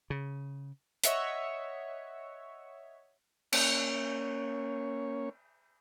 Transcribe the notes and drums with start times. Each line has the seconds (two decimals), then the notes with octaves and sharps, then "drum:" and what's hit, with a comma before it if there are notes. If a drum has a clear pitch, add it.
0.10 C#3
1.04 C#5 D#5 E5 F#5 C#7, drum: hi-hat
3.52 A#3 C#4 C#5, drum: cymbal